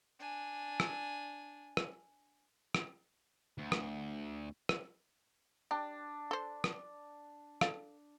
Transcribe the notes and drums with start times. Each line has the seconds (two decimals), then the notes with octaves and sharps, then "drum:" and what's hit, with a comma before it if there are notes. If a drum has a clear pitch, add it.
0.20 D4 G#5
0.80 drum: rim click
1.77 drum: rim click
2.75 drum: rim click
3.58 D2
3.72 drum: rim click
4.69 drum: rim click
5.71 D4 G4
6.31 A4 C5
6.64 drum: rim click
7.61 A4 D5 F5, drum: rim click